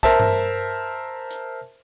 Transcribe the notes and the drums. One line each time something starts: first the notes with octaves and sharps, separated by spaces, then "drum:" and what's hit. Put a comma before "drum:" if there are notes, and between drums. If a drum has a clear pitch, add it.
A#4 C5 E5 A5, drum: kick
drum: tom G2
drum: hi-hat